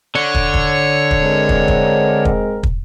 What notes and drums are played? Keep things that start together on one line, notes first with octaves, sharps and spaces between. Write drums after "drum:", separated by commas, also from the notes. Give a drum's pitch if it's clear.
D3 C#5
drum: kick
drum: kick
drum: kick
G#3 C4 A#4
drum: kick
drum: kick
drum: kick
drum: kick